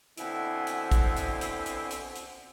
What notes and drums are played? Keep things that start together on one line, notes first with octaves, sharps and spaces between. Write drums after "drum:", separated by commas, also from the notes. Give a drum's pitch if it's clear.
B2 D3 C4 E4 G#5, drum: hi-hat
drum: hi-hat
drum: kick, hi-hat
drum: hi-hat
drum: hi-hat
drum: hi-hat
drum: hi-hat
drum: hi-hat